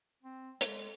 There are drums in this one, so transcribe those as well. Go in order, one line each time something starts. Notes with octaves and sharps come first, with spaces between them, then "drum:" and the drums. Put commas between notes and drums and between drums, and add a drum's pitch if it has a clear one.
C4
G#3 A4, drum: hi-hat